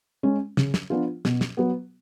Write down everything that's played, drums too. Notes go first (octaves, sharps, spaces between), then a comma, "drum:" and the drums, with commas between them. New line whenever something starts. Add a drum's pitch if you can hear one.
G#3 C#4
C#3, drum: snare
drum: snare
F3 B3 D4 F4
B2, drum: snare
drum: snare
F#3 B3